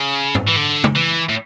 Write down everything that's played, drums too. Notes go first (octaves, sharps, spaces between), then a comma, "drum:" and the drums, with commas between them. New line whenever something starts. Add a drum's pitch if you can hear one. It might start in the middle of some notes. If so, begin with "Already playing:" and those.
Already playing: C#3
drum: tom G#2
E3
D3
drum: tom
E3
A2